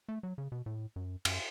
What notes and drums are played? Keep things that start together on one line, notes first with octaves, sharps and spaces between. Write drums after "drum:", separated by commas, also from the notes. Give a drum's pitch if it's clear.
A3
F#3
C#3
B2
A2
F#2
F#2, drum: cymbal